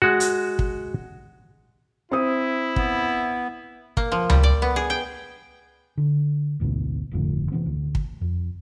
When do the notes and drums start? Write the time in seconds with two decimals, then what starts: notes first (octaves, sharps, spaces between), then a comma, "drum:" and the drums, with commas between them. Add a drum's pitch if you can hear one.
0.02 G#3 F#4
0.20 drum: hi-hat
0.59 drum: kick
2.12 C4 E4 D#6
2.76 B3, drum: kick
3.97 A#3, drum: kick
4.12 F3
4.30 G3, drum: tom C#2
4.43 D5
4.62 B3
4.76 G#4
4.90 G5
5.98 D3
6.60 A1 D2 G#2 B2
7.12 G1 F2 A2 D3
7.52 C3 E3 B3 C4
7.66 D2
7.95 drum: kick
8.21 F2